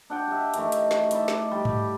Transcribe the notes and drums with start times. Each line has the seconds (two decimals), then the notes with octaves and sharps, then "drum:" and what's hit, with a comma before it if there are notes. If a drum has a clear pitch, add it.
0.10 D4 F#5 G5
0.27 G4 E5
0.54 D#3 E3 A3, drum: hi-hat
0.72 drum: hi-hat
0.91 drum: snare
1.11 D#4 E4 D5 E5, drum: hi-hat
1.28 drum: snare
1.52 G3 G4
1.65 drum: tom G#2